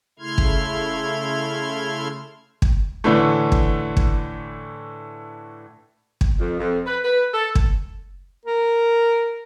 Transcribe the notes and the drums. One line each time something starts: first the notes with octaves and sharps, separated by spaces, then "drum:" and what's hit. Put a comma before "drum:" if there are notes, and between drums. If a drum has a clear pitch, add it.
C#3 A3 E4 C6 F6 G#6
drum: kick
drum: kick
A2 D3 E3 A3
drum: kick
drum: kick
drum: kick
F2
F2
B4
B4
A4
drum: kick
A#4